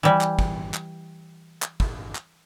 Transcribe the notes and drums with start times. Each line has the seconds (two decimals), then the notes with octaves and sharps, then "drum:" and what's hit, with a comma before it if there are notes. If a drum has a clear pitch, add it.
0.03 E3 G3
0.21 drum: clap
0.39 drum: kick
0.74 drum: clap
1.62 drum: clap
1.80 drum: kick
2.15 drum: clap